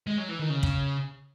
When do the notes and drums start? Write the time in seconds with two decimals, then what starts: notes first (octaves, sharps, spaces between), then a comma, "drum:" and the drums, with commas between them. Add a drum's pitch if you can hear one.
0.07 G#3
0.18 F#3
0.29 E3
0.39 D#3
0.50 C#3
0.63 drum: kick